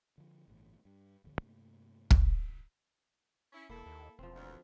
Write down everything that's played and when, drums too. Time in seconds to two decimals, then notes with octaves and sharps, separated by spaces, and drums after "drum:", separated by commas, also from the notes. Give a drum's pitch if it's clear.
0.18 D3 F3
0.48 G1 A2 D#3 E3
0.85 G2
1.24 D1 G1 F2 D3
1.41 G2 C3 A3 A#3
2.11 drum: kick
3.53 C#4 E4
3.70 E1 A#3 E4 A4
3.86 D#2
4.19 E1 F3 C4
4.36 D2